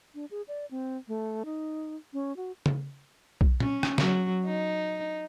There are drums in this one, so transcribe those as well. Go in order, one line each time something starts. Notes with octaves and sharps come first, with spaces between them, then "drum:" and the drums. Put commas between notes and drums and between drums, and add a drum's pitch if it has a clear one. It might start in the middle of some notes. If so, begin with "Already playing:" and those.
D4
G#4
D5
C4
A3
D#4
C#4
F#4
drum: tom
drum: kick B1
C#4, drum: tom
drum: rim click
F#3, drum: snare
D#4